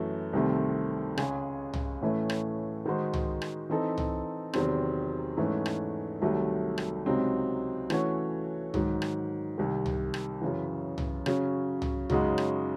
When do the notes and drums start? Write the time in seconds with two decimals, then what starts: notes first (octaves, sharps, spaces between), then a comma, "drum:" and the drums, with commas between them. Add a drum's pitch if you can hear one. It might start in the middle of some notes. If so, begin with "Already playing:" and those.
Already playing: F#2 E3 A3
0.33 C2 C3 D#3 A3 C4
1.17 C#2 C#3 G#3 C#4 G#4, drum: rim click
1.74 drum: tom
2.01 A2 E3 A3 C#4
2.30 drum: rim click
2.86 D#3 G#3 D#4 F#4 C5
3.14 drum: tom
3.42 drum: rim click
3.70 E3 C4 D#4 A4
3.98 drum: tom
4.53 E2 C3 D#3 F#3 C4, drum: rim click
5.37 G#2 E3 A3 C#4
5.66 drum: rim click
6.22 C2 C3 D#3 F#3 A3
6.78 drum: rim click
7.06 C#2 C3 F#3 C4 D#4
7.90 E3 A3 C#4 F#4 C#5, drum: rim click
8.74 G#2 D#3 F#3, drum: tom
9.02 drum: rim click
9.58 C2 C3 D#3
9.86 drum: tom
10.14 drum: rim click
10.42 F#2 C#3 E3
10.98 drum: tom
11.26 C#3 F#3 C#4, drum: rim click
11.82 drum: tom
12.10 F#2 C#3 G#3 D#4 F#4, drum: tom
12.38 drum: rim click